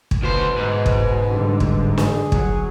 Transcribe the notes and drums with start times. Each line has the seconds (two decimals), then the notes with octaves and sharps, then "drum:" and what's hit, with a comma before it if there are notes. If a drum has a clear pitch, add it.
0.11 drum: kick
0.23 D2 B2 C5
0.56 G#2
0.86 drum: kick
1.28 G2 D3
1.60 drum: kick
1.98 G#4, drum: snare
2.32 F#3, drum: kick